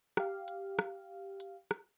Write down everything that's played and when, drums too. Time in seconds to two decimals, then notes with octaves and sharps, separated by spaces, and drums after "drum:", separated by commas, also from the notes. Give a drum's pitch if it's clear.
0.17 G4 F5, drum: rim click
0.48 drum: hi-hat
0.79 drum: rim click
1.40 drum: hi-hat
1.71 drum: rim click